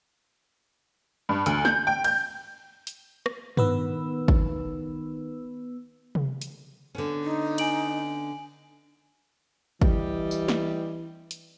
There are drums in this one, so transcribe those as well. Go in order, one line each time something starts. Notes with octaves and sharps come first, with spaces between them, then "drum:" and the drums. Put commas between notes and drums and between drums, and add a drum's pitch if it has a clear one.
G2
D2, drum: hi-hat
G6, drum: snare
G5
G6, drum: cymbal
drum: hi-hat
drum: rim click
D#3 B3 B4 E6, drum: tom G2
drum: kick
drum: tom C3
drum: hi-hat
D3 B3 C#4
D#4
G#5 D7 F#7, drum: cymbal
E3 G3 G4 D#5, drum: kick
drum: tambourine
drum: snare
drum: hi-hat